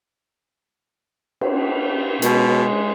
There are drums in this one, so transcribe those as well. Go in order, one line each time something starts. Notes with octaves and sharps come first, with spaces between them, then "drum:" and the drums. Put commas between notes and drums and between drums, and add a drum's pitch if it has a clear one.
drum: cymbal
B2 G#3, drum: hi-hat